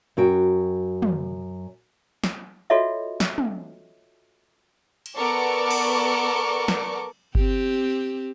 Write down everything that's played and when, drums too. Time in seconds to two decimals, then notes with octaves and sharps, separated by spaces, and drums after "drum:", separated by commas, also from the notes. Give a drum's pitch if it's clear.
0.17 F#2 F#4 G5
1.02 drum: tom
2.24 drum: snare
2.70 F4 F#4 A4 C#5 D#5 E5
3.20 drum: snare
3.38 drum: tom
5.06 drum: cymbal
5.16 B3 A4 A#4 D5 C#6 D6
5.71 drum: cymbal
6.68 drum: snare
7.35 C4 G4, drum: kick G1